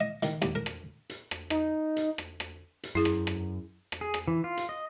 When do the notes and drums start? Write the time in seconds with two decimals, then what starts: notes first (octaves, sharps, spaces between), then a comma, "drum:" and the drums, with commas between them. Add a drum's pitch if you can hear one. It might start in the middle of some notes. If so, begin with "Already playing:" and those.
0.01 D#5
0.23 D#3, drum: hi-hat
0.42 D#2, drum: rim click
0.55 A#4
0.66 drum: rim click
1.10 drum: hi-hat
1.31 drum: rim click
1.50 D#4, drum: rim click
1.96 drum: hi-hat
2.18 drum: rim click
2.40 drum: rim click
2.83 drum: hi-hat
2.95 F#2 E4 G#4
3.05 drum: rim click
3.27 drum: rim click
3.92 drum: rim click
4.01 G#4
4.14 drum: rim click
4.28 E3
4.44 F4
4.57 drum: hi-hat
4.69 D#5